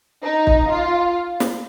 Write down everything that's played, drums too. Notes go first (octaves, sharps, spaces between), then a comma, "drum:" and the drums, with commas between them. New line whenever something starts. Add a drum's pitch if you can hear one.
D#4
drum: kick
F4
drum: snare